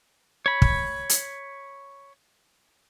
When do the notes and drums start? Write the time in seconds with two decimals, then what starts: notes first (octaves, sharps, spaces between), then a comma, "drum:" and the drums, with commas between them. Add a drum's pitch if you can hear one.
0.46 C#5 B5
0.62 drum: kick
1.09 drum: hi-hat